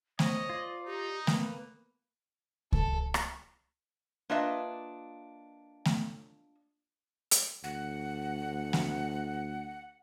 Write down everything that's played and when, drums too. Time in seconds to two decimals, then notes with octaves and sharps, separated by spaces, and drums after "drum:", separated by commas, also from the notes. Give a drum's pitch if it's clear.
0.19 C5 C#5 D#5, drum: snare A3
0.50 F4 D5
0.86 D#4 G4
1.27 A#3 B3 B4, drum: snare A3
2.72 A4, drum: kick C#2
3.14 drum: rim click
4.30 A#3 D4 F4 B4 D#5 E5
5.86 drum: snare A3
7.31 drum: hi-hat
7.64 D2 F#5
8.73 drum: snare A3